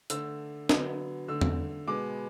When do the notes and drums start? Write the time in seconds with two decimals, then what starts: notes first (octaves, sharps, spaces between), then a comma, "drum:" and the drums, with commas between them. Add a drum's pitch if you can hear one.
0.10 D3 A3 E6, drum: hi-hat
0.69 D3 F#3 B3, drum: snare
1.28 D3 A3 E6
1.41 drum: tom E2
1.87 B2 G#3 B3 D6